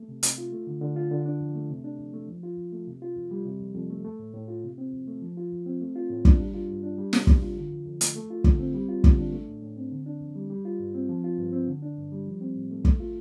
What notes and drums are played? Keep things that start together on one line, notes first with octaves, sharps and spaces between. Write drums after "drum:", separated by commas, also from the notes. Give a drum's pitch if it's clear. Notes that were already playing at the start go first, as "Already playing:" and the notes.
Already playing: A3
C3
C3, drum: hi-hat
F4
A3
D3
D3
F4
D3
D4
F2
A3
C3
D4
F2
A3
F3
F4
F2
A3
C3
F4
F2
G3
C3
F2
F2
A3
A3
A2
A2
F4
C3
C4
F2
A3
F3
F4
F2
C4
A3
F4
A2
D4, drum: kick
G3
F4
G2
D4
G3
C3, drum: snare
C3, drum: kick
F4
D3
F2
F2
A3, drum: hi-hat
A3
F4
D3, drum: kick
C4
G3
F4
D3, drum: kick
D4
A3
A2
A2
C4
D3
D4
F2
G3
G3
F4
G2
C4
F3
F4
G2
C4
D3
D4
G2
G3
F3
C4
A2
A3
A3, drum: kick
F4